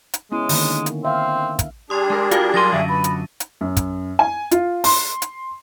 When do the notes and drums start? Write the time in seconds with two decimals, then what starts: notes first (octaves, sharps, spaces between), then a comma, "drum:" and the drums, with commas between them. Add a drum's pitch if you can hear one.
0.14 drum: hi-hat
0.32 G#3 B3 C#4 E4
0.49 D3 D#3 A#3, drum: open hi-hat
0.86 drum: hi-hat
1.05 C4 E5 F5
1.59 drum: kick, hi-hat
1.90 G3 D4 G4 G#4 C6 D#6
2.10 G#3 A#4
2.31 F4 F#4 A#4 F5, drum: hi-hat
2.54 F#3 A#4 C6 A6 A#6 D#7
2.73 F#2 D3 F#3 E5
2.89 B3 B5
3.04 drum: hi-hat
3.40 drum: hi-hat
3.61 F#2
3.77 drum: kick, hi-hat
4.19 G#5
4.51 F4, drum: hi-hat
4.84 C6, drum: open hi-hat
5.22 drum: hi-hat